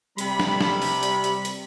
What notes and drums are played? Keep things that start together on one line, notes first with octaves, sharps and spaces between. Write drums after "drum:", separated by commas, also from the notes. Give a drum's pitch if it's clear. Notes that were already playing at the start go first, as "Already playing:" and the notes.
C3 G3 B5, drum: hi-hat
drum: snare
drum: snare
drum: open hi-hat
drum: hi-hat
drum: hi-hat
drum: hi-hat